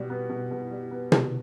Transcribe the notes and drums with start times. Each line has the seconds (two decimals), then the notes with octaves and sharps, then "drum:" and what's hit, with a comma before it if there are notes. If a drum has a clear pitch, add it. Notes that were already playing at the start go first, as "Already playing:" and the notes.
Already playing: B2 G3
0.10 B3
0.29 B2
0.51 B2
0.71 G3
0.91 B3
1.12 B2, drum: tom